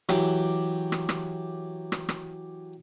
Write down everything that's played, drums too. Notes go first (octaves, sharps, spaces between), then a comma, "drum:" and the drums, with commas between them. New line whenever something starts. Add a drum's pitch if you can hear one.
E3 F#3 G4 D6, drum: rim click
drum: rim click
drum: rim click
drum: rim click
drum: rim click